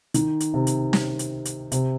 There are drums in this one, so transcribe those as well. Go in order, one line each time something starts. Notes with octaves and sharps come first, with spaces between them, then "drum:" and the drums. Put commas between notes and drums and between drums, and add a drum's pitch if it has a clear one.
D#3, drum: hi-hat
drum: hi-hat
C3
drum: hi-hat
drum: snare
drum: hi-hat
drum: hi-hat
C3, drum: hi-hat